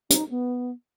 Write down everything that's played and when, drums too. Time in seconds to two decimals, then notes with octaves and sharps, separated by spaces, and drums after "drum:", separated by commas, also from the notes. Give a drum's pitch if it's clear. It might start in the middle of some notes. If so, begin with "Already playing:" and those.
0.10 D#4, drum: hi-hat
0.30 B3